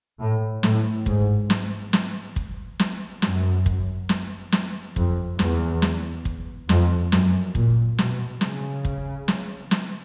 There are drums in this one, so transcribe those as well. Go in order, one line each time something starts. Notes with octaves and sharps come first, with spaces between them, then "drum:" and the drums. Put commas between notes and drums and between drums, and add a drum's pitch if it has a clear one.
A2
A2, drum: snare
G#2, drum: kick
drum: snare
drum: snare
drum: kick
drum: snare
F#2, drum: snare
drum: kick
drum: snare
drum: snare
F2, drum: kick
E2, drum: snare
drum: snare
drum: kick
F2, drum: snare
F#2, drum: snare
A#2, drum: kick
B2, drum: snare
C#3, drum: snare
drum: kick
drum: snare
drum: snare